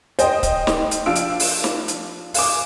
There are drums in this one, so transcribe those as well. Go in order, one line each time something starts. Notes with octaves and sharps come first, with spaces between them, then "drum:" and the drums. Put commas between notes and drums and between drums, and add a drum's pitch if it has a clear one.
C5 D#5 G5, drum: hi-hat
drum: kick C#1, hi-hat
drum: snare
drum: hi-hat
F3 D4 F5 E6 D7
drum: hi-hat
drum: open hi-hat
drum: snare
drum: hi-hat
F5 G#5 D6, drum: open hi-hat